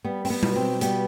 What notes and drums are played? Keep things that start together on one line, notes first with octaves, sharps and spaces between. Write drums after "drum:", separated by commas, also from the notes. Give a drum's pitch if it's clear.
G3 B3
C4, drum: open hi-hat
B3
B2, drum: tom G3
C4
G3 B3, drum: hi-hat